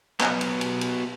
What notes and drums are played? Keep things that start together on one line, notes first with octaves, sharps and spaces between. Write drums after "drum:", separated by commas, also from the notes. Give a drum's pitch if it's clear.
F#3 B3, drum: clap
drum: cymbal
drum: cymbal
drum: cymbal